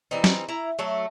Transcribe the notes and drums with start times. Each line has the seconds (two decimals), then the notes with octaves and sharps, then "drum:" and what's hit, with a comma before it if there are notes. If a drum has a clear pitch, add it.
0.11 E3 G3 C4 D#4
0.24 drum: snare
0.49 E4 A#5
0.79 F#3 A3